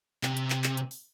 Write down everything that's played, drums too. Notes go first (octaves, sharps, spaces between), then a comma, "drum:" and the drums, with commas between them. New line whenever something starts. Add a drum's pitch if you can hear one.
C3, drum: clap
drum: hi-hat
drum: clap
drum: clap
drum: hi-hat
drum: open hi-hat